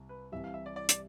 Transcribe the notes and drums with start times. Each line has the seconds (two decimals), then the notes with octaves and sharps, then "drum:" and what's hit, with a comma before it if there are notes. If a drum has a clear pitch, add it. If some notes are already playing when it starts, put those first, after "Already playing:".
Already playing: C2
0.09 B4
0.32 C2 C3 E3 G3 E5
0.44 F5
0.54 E5
0.66 D5
0.76 D5
0.89 D5, drum: hi-hat